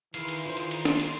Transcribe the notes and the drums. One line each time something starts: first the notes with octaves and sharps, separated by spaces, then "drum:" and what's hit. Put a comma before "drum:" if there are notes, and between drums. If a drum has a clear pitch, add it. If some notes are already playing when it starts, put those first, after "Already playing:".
D#3 E3 E4 F5 C6, drum: cymbal
drum: cymbal
D3 D#3 D#4 F4 C5
drum: cymbal
drum: cymbal
drum: snare
drum: cymbal